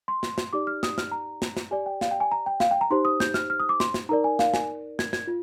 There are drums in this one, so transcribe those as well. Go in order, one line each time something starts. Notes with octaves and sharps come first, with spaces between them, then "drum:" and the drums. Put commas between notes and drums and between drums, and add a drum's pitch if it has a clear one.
C6
drum: snare
drum: snare
D#4 G4 D5 D6
F6
D#6, drum: snare
F6, drum: snare
A#5
drum: snare
drum: snare
G4 D5 G#5
G5
F5, drum: snare
G5
G#5
A#5
G5
F5, drum: snare
G5
A#5
D#4 G4 C5 C6
D#6
G6, drum: snare
F6, drum: snare
F6
D#6
D6
C6, drum: snare
drum: snare
D#4 A#4 D5 A#5
G#5
F5, drum: snare
G#5, drum: snare
G#6, drum: snare
G#6, drum: snare
F4